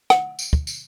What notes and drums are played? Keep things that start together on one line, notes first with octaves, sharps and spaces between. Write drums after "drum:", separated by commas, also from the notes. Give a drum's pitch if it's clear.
F#5, drum: rim click
drum: tambourine
drum: kick
drum: tambourine